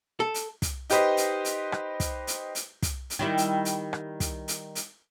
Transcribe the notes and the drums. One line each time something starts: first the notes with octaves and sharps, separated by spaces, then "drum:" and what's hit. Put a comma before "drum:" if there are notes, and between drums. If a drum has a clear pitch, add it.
A4
drum: hi-hat
drum: kick, hi-hat
D#4 G4 B4 C5 D#5, drum: hi-hat
drum: hi-hat
drum: hi-hat
drum: rim click
drum: kick, hi-hat
drum: hi-hat
drum: hi-hat
drum: kick, hi-hat
drum: hi-hat
D#3 G3 E4
drum: hi-hat
drum: hi-hat
drum: rim click
drum: kick, hi-hat
drum: hi-hat
drum: hi-hat